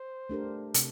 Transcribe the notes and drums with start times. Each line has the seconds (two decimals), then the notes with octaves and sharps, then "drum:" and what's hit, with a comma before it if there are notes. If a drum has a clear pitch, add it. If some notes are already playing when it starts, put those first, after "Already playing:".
Already playing: C5
0.29 A3 D4 G4 A#4
0.74 C3, drum: hi-hat